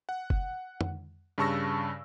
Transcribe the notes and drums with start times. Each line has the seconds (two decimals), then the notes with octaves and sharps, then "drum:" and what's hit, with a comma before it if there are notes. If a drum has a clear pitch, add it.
0.09 F#5
0.30 drum: kick F#1
0.81 drum: tom F2
1.38 G2 C#3 A5 C#6 E6 A#6